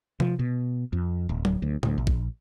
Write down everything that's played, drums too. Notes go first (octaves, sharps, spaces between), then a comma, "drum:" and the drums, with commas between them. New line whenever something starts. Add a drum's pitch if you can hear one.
F3, drum: tom C3
B2
F2
D1
drum: tom F#3
D2
D2, drum: tom A2
A#1
drum: kick A#1